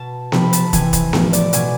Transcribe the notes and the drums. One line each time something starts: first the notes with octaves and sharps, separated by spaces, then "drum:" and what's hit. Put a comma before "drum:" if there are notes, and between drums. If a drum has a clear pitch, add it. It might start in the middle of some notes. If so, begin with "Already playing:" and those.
Already playing: B2 A5
C3 F3 B5, drum: snare B3
A5, drum: hi-hat
C3 E3 G#5, drum: kick, hi-hat
drum: kick, hi-hat
A2 F3, drum: snare B3
D5, drum: hi-hat
B2 G#5, drum: hi-hat